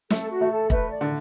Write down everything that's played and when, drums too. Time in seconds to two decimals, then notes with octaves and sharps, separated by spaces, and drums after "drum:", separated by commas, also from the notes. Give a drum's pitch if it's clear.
0.10 A3 A4, drum: snare
0.30 F#4
0.41 A3
0.50 A4
0.70 A3 B4, drum: kick
0.91 D5
1.01 D3